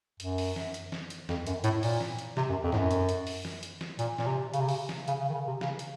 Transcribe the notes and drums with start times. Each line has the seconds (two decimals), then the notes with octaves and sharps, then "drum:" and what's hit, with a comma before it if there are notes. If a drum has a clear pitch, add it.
0.20 F#2, drum: hi-hat
0.38 drum: open hi-hat
0.56 drum: snare
0.74 drum: hi-hat
0.92 drum: snare
1.10 drum: hi-hat
1.29 F2, drum: snare
1.47 F#2, drum: hi-hat
1.64 A2, drum: hi-hat
1.83 A#2, drum: open hi-hat
2.00 drum: snare
2.19 drum: hi-hat
2.37 C3, drum: snare
2.49 F#2
2.64 F2
2.72 A2, drum: snare
2.78 F#2
2.91 drum: hi-hat
3.09 drum: hi-hat
3.27 drum: open hi-hat
3.45 drum: snare
3.63 drum: hi-hat
3.81 drum: snare
3.99 A#2, drum: hi-hat
4.18 A#2, drum: snare
4.26 C3
4.54 C#3, drum: hi-hat
4.61 C3
4.69 C#3, drum: open hi-hat
4.89 drum: snare
5.08 C#3, drum: hi-hat
5.20 C#3
5.29 D#3
5.34 C#3
5.47 C3
5.61 C#3, drum: snare
5.79 drum: hi-hat